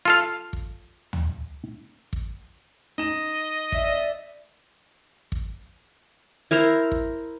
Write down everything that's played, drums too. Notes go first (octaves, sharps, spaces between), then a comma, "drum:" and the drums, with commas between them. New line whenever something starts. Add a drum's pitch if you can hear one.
F4 A4 F5
drum: kick
drum: tom
drum: kick
D#4 D#5 E7
D5 E5, drum: kick
drum: kick
E4 A#4 C5 A#5
drum: kick